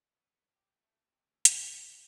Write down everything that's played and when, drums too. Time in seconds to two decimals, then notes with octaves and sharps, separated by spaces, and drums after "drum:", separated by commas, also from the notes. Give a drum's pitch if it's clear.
0.16 B3
0.55 G4
0.81 A3
1.07 C3
1.27 D2
1.45 A4, drum: hi-hat
1.64 C3
1.90 G#3